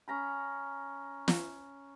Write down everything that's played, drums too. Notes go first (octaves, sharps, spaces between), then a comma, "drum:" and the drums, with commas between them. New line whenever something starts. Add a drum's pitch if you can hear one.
C#4 A#5 B5
drum: snare